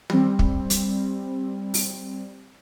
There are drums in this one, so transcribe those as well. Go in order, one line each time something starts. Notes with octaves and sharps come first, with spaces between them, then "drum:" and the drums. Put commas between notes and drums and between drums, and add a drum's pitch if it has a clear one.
G3 C4, drum: tom
drum: kick
drum: hi-hat
drum: open hi-hat